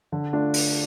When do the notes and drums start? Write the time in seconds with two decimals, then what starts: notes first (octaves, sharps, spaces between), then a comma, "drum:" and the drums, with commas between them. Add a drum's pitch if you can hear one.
0.12 D3
0.33 A3 D4 F4
0.54 drum: open hi-hat